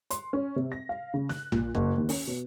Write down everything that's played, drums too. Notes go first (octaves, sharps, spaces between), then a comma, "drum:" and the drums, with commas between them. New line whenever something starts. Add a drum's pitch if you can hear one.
C6, drum: hi-hat
C#4
C3
A#6
F5
C#3
F#6, drum: snare
A#2, drum: tom A#1
F#1, drum: kick G1
D#2
C#4, drum: open hi-hat
B2